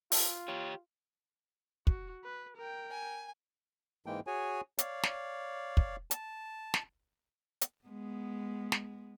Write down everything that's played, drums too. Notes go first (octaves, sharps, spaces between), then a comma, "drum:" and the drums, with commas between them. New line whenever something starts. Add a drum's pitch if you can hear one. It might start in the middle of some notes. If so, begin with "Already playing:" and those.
F4, drum: open hi-hat
G4 C#5
F#4, drum: kick
B4
A#4 G5
G#5
G#2 E3 G#3 A#3 G5
F#4 G#4 C#5 G#5
C#5 D5 F5, drum: hi-hat
drum: snare
drum: kick
A5, drum: hi-hat
drum: snare
drum: hi-hat
G#3 B3
drum: snare